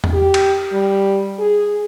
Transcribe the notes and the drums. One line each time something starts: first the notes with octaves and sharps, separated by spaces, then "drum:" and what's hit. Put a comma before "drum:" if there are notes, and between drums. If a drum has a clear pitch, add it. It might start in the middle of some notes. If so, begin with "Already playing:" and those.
drum: tom E2
G4
drum: cymbal
G3
G#4